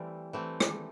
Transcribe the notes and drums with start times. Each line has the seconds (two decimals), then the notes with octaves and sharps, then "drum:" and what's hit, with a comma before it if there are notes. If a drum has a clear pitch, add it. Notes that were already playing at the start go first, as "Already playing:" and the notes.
Already playing: E3 G3 A3 C4
0.33 E3 A3 C4
0.60 drum: rim click